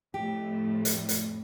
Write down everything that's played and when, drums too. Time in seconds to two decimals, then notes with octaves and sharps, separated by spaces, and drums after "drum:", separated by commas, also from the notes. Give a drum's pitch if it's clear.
0.14 F2 A2 A3 G4
0.85 drum: hi-hat
1.09 drum: hi-hat